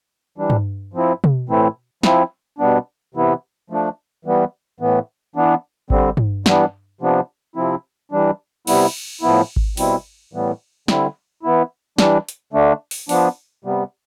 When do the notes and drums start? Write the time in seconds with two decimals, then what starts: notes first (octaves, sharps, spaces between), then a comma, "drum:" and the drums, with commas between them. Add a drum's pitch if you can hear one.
0.38 E3 G3 D4
0.50 drum: tom G2
0.94 F3 C4 E4
1.24 drum: tom
1.49 A2 E3 A3 C4 E4
2.03 F3 C4 E4, drum: snare
2.59 B2 G3 B3 D4
3.15 C3 E3 B3 E4
3.70 F3 A3 D4
4.25 E3 G3 B3
4.80 A2 E3 B3
5.35 E3 B3 D4
5.90 D3 G3 C4, drum: kick G#1
6.17 drum: tom G2
6.46 E3 G3 B3 D4, drum: snare
7.01 C3 F3 B3 D4
7.56 C3 F3 C4 E4
8.12 E3 G3 D4
8.67 C3 G3 B3 E4, drum: cymbal
9.22 A2 F3 B3 E4
9.56 drum: kick G#1
9.77 B2 G3 C4 E4, drum: open hi-hat
10.33 A2 E3 G3 B3
10.88 D3 G3 C4 E4, drum: snare
11.43 E3 B3 E4
11.98 E3 G3 D4, drum: snare
12.29 drum: hi-hat
12.53 D3 A3 D4
12.91 drum: open hi-hat
13.09 F3 B3 D4, drum: open hi-hat
13.64 C3 G3 B3